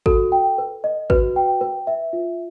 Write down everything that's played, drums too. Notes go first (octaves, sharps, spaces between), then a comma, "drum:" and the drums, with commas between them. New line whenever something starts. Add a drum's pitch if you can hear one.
F#4 A4, drum: kick G#1
G5
B4
D#5
F#4 B4, drum: kick G#1
G5
B4
E5
F4